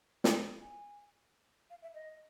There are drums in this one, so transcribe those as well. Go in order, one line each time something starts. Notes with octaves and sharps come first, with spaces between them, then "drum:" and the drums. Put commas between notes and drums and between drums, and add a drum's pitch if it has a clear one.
G5, drum: snare
G#5
F5
E5
D#5